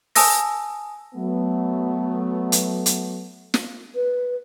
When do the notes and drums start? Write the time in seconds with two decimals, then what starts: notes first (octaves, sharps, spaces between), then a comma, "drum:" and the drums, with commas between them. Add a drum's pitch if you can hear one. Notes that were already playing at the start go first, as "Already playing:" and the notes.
0.15 G#5 A5 D#6 E6 A#6, drum: open hi-hat
1.15 F#3 A3 B3
2.52 drum: hi-hat
2.86 drum: hi-hat
3.54 drum: snare
3.95 B4